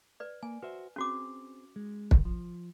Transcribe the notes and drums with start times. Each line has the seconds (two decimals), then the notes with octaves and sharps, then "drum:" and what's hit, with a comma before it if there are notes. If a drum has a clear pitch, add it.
0.20 B4 D5
0.43 A#3 G#5
0.63 F#4 B4 C5 E5
0.96 C4 C#4 F#4 G#4 D6
1.76 G#3
2.11 drum: kick
2.25 F3